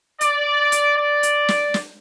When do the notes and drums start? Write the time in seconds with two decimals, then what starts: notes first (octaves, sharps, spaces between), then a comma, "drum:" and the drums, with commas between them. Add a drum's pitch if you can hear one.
0.21 D5, drum: hi-hat
0.72 drum: hi-hat
0.97 D5
1.23 drum: hi-hat
1.48 drum: snare
1.74 drum: snare